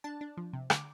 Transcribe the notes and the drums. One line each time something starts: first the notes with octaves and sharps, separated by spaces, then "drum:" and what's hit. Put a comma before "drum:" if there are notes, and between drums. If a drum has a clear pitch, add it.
D4 A5
D4
F3
C3
D3 D6, drum: rim click